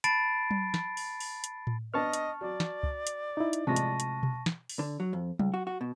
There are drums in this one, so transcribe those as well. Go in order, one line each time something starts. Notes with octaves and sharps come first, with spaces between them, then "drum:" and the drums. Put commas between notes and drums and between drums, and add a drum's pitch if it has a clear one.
A5 B5 A6 C7 D7, drum: hi-hat
drum: tom F#3
drum: snare
drum: open hi-hat
drum: open hi-hat
drum: hi-hat
drum: tom A2
B3 D4 D#5 A5 C#6 F6
drum: hi-hat
F#3 D5
drum: snare
drum: kick
drum: hi-hat
D#4 E4
drum: hi-hat
A2 C3 F3 G#3 A5 C#6 A#6
drum: hi-hat
drum: hi-hat
drum: tom B2
drum: snare
drum: open hi-hat
D3
F#3
F2
C#2, drum: tom F#3
F#4
F#4
B2